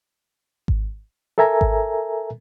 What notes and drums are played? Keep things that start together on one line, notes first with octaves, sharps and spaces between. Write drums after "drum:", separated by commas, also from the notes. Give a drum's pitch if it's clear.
drum: kick G#1
A4 A#4 E5 G#5 A#5
drum: kick G#1